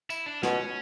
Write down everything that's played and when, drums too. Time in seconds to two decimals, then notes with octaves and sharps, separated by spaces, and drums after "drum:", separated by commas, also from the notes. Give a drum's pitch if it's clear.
0.10 E4, drum: tambourine
0.26 D4
0.43 B2 C#4, drum: snare